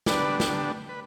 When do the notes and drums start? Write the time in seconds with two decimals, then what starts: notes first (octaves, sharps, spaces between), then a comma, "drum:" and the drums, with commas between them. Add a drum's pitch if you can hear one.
0.06 D3 G3 B3 D4 B4 D5, drum: snare
0.40 drum: snare
0.89 B4